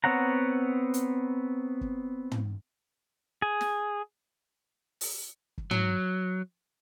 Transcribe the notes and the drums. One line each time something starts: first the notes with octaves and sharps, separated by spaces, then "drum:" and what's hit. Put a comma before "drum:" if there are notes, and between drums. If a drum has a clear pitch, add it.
B3 C4 C#5 F#5 A#5
drum: hi-hat
drum: kick
drum: tom
G#4
drum: snare
drum: open hi-hat
drum: kick
F#3, drum: tom